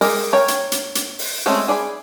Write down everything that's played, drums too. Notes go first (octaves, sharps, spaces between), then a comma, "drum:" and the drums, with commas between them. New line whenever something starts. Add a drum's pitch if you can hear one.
G#3 G4 G#4 A#4, drum: open hi-hat
A#4 C#5 G5
drum: hi-hat
drum: hi-hat
drum: hi-hat
drum: open hi-hat
G#3 A3 C4 C#4
G#4 D5 G#5 B5